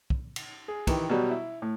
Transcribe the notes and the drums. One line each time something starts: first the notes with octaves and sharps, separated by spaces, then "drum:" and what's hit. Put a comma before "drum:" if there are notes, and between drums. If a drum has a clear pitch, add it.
drum: kick
drum: cymbal
G#4
D#3 E3 G4, drum: kick, cymbal
B2 F#3 G3
E4
A2